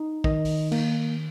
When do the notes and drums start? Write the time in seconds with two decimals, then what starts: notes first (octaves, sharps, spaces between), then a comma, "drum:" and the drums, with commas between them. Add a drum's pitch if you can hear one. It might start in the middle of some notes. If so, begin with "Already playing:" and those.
Already playing: D#4
0.24 D#3 D#5, drum: kick
0.45 drum: open hi-hat
0.72 A#3, drum: cymbal